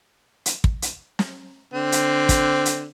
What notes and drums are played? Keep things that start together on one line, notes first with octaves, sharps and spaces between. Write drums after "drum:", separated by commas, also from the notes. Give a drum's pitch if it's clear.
drum: hi-hat
drum: kick
drum: hi-hat
drum: snare
D3 C4
drum: hi-hat
drum: kick, hi-hat
drum: hi-hat